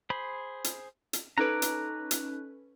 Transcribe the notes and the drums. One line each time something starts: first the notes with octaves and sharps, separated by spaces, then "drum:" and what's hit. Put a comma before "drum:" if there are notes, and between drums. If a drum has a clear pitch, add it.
G#4 C5 B5
drum: hi-hat
drum: hi-hat
C#4 D#4 A4 B4 A#5 D6 F#6
drum: hi-hat
drum: hi-hat